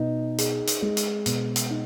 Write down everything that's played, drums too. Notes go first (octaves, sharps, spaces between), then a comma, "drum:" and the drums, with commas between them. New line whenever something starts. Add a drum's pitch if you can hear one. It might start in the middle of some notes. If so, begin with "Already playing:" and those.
Already playing: B2 D#4
G#4, drum: hi-hat
drum: hi-hat
G#3
drum: hi-hat
B2, drum: hi-hat
drum: hi-hat
D#4